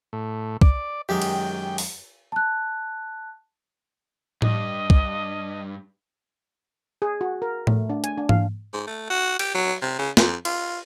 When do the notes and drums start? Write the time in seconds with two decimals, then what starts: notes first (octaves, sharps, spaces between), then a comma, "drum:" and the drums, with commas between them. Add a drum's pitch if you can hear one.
0.13 A2
0.61 D5, drum: kick
1.09 F#2 D#3 G#3 G4 G5
1.22 drum: cymbal
1.78 drum: open hi-hat
2.32 A5 F#6
4.42 G2 D#5, drum: tom A2
4.90 drum: kick
7.02 G#4
7.21 F#4
7.42 A#4
7.67 A3, drum: tom A2
7.90 D4
8.04 G#5, drum: hi-hat
8.18 D4
8.29 F5, drum: tom G#2
8.73 G#2
8.87 A3
9.10 F#4
9.39 G4, drum: cymbal
9.55 F#3
9.82 C3
9.99 C#3
10.17 F2, drum: snare
10.45 F4, drum: cymbal